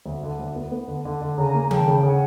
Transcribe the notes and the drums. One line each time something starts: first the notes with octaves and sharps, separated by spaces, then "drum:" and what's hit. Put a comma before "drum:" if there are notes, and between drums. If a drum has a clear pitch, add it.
D2
D3
D2
B3
B3
D3
D3
D3
C#3 G#5 A#5
A#3
C#3 G5 A5, drum: tom D#3
C#3
C#3 F#5 G#5